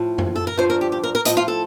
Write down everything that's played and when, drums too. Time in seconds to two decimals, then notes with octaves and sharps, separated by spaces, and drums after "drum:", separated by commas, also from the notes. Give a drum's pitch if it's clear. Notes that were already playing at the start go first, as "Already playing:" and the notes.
Already playing: A2 F3
0.18 drum: tom F#2
0.36 A4
0.47 A#4
0.58 G2 D3 F3 C5
0.70 A#4
0.81 G4
0.92 G4
1.04 A#4
1.15 A#4
1.25 A2 F3 D#5, drum: hi-hat
1.37 F4
1.48 A4